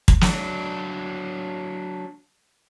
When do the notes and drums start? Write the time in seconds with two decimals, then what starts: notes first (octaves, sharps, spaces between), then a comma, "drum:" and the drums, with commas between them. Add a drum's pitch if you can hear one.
0.08 drum: kick
0.21 F#3 D4, drum: snare